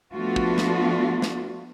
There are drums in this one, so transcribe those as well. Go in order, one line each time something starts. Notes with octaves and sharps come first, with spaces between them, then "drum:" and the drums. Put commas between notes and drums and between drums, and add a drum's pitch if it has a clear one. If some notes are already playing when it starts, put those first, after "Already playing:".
F3 A3 B3 D4 F4 F#4
drum: kick
drum: snare
drum: snare